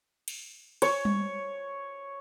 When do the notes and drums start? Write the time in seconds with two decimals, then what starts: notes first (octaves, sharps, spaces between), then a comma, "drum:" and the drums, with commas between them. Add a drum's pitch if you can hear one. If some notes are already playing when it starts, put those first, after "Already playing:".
0.28 drum: cymbal
0.82 C#5, drum: cymbal
1.05 drum: tom G3